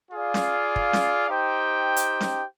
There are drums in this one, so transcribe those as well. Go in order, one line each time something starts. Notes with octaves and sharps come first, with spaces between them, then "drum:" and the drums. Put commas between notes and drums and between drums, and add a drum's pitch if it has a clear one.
F4 G#4 D5 F5
drum: snare C#4
drum: kick
drum: snare C#4
D#4 G4 C5 G5
drum: hi-hat
drum: snare C#4